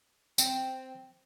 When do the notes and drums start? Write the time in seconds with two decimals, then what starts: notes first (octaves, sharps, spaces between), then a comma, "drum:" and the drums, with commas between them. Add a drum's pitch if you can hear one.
0.38 C4, drum: tambourine